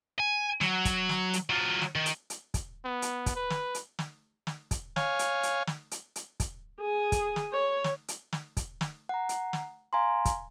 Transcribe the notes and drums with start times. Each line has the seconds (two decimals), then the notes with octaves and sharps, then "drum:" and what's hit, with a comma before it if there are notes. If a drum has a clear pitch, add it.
0.19 G#5
0.61 F#3, drum: snare
0.85 drum: kick, hi-hat
1.09 drum: snare
1.33 drum: hi-hat
1.49 F#3 F4
1.82 drum: snare
1.95 D#3
2.06 drum: hi-hat
2.30 drum: hi-hat
2.54 drum: kick, hi-hat
2.85 B3
3.02 drum: hi-hat
3.26 drum: kick, hi-hat
3.35 B4
3.50 drum: snare
3.74 drum: hi-hat
3.99 drum: snare
4.47 drum: snare
4.71 drum: kick, hi-hat
4.96 C#5 F5 G#5, drum: snare
5.19 drum: hi-hat
5.43 drum: hi-hat
5.67 drum: snare
5.91 drum: hi-hat
6.16 drum: hi-hat
6.40 drum: kick, hi-hat
6.81 G#4
7.12 drum: kick, hi-hat
7.36 drum: snare
7.53 C#5
7.84 drum: snare
8.08 drum: hi-hat
8.33 drum: snare
8.57 drum: kick, hi-hat
8.81 drum: snare
9.09 F#5 A#5
9.29 drum: hi-hat
9.53 drum: snare
9.93 F5 G#5 A#5 C6
10.25 drum: kick, hi-hat